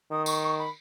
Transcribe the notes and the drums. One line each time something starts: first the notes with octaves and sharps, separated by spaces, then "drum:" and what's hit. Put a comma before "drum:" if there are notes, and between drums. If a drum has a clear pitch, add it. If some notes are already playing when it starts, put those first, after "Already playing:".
D#3 D#6
C#6, drum: tambourine
C#6
B5